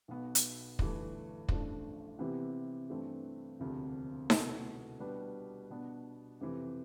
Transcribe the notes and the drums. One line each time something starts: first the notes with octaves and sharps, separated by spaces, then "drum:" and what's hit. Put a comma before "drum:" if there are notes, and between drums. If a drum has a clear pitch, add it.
B1 B2 B3
drum: hi-hat
G1 G2 E3 A3, drum: kick
A1 G2 F3 A3 D4, drum: kick
C3 E3 B3 E4 G4
G2 E3 A3 C4
E1 D2 C3 F3
C2 B2 A3, drum: snare D#4
B2 G3 D4 G4 B4
B2 B3 D4
F2 C3 E3